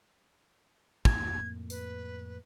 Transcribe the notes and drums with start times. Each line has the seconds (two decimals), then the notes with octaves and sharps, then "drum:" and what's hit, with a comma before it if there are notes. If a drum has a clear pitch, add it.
1.05 F2 A2 A#3 G#6, drum: kick
1.70 B4, drum: tambourine